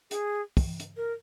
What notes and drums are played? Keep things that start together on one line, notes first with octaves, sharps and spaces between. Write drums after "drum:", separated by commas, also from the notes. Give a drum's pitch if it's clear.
G#4, drum: hi-hat
drum: kick, open hi-hat
drum: hi-hat
A#4